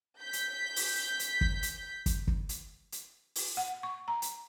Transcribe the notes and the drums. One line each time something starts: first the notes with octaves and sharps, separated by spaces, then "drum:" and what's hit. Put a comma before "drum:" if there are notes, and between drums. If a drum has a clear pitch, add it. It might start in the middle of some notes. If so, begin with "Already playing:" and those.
G6 B6
drum: hi-hat
drum: open hi-hat
drum: hi-hat
drum: kick
drum: hi-hat
drum: kick, hi-hat
drum: kick
drum: hi-hat
drum: hi-hat
drum: open hi-hat
F#5
C#6
A#5
drum: hi-hat